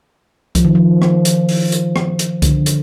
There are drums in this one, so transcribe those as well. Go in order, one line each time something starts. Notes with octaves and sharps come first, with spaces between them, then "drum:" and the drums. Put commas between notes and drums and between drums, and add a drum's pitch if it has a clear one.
F3, drum: kick C2, hi-hat
D#3
F3
drum: rim click
drum: hi-hat
drum: open hi-hat
drum: hi-hat
drum: rim click
drum: hi-hat
D3, drum: kick C2, hi-hat
drum: hi-hat